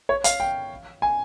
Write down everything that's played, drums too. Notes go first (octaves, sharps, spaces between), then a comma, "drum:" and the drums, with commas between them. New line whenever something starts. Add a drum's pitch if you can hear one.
C#5
F5, drum: hi-hat
G5
G#5